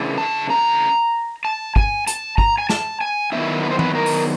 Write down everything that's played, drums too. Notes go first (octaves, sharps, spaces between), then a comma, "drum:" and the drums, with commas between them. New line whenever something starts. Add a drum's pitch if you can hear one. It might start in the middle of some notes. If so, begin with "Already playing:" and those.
Already playing: C#3 E3 A3 D4
A5
A#5
A5
G#5, drum: kick
A5, drum: hi-hat
A#5, drum: kick
G#5
A5, drum: snare
G#5
D#3 F#3 B3 E4 E5
B4
C5
B4, drum: tom E3
A#4
drum: open hi-hat